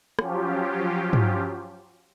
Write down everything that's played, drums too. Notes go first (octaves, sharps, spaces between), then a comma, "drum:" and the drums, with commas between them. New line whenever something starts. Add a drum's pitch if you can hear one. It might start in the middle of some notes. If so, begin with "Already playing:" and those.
F3 F#3 C#4 F4 G4, drum: rim click
drum: tom